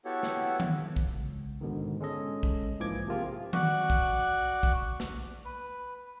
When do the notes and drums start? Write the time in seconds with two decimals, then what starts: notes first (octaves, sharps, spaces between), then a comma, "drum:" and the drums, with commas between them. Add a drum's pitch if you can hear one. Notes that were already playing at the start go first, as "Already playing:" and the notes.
0.05 B3 E4 F#4 G4 A4 C#5
0.23 drum: snare
0.60 drum: tom D#3
0.96 drum: kick A#1, hi-hat
1.15 C#2
1.61 G#2 B2 D3 D#3
2.00 G#3 C#4 A4 D#5
2.43 drum: kick A#1, hi-hat
2.80 G#2 E3 F3 A#3 D6 G#6
3.07 C3 F3 A#3 F4 G4 G#4
3.53 F#4 D5 C#6 F#6, drum: tom D#3
3.90 drum: kick A#1, hi-hat
4.63 drum: kick A#1, hi-hat
5.00 drum: snare
5.45 B4